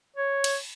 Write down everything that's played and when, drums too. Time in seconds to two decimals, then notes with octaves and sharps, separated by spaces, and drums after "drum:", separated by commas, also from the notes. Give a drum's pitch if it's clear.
0.17 C#5
0.44 drum: cymbal